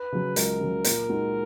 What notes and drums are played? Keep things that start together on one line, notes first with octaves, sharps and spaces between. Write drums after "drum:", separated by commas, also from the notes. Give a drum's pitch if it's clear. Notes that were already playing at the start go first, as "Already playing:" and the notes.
Already playing: B4
C#3 F#3
C#2 A#4, drum: hi-hat
C#3 F#3
A#2, drum: hi-hat
G#3 D#4 F#4